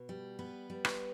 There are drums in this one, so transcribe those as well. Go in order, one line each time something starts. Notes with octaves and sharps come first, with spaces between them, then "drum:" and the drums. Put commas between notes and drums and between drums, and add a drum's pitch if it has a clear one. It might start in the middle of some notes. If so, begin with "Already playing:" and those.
Already playing: B2
G3
B3 B4
G3
B4, drum: rim click